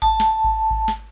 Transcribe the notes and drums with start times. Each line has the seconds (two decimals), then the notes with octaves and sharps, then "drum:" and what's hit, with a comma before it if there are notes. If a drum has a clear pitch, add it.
0.02 A5, drum: kick G#1
0.20 drum: snare
0.44 drum: kick G#1
0.70 drum: kick G#1
0.88 drum: snare